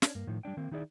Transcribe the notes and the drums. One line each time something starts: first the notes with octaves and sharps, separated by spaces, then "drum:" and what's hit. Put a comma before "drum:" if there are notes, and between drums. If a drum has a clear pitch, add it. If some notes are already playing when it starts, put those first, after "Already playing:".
C#4 D4, drum: snare
G2 A#3
A2 D#3 F3
G3 B3 D4 G5
D#3 A#3 C4
D#3 D#4 E4 G#4 D5